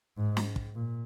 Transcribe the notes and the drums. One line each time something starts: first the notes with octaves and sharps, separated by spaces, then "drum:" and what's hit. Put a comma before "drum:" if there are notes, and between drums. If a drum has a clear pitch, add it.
G#2
drum: snare
drum: kick
A#2